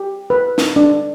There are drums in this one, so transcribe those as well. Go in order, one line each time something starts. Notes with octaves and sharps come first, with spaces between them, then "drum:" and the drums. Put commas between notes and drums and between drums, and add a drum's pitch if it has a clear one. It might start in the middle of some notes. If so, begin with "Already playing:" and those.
Already playing: G4
B4
drum: snare
D4